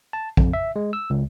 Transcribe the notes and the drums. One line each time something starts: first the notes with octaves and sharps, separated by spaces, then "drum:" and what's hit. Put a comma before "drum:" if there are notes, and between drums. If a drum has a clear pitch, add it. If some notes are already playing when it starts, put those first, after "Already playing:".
A5
F2, drum: kick
E5
G#3
E6
C#2